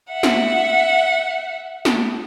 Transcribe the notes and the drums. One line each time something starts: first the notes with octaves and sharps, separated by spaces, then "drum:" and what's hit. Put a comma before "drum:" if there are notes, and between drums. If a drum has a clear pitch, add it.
E5 F#5
drum: snare
drum: snare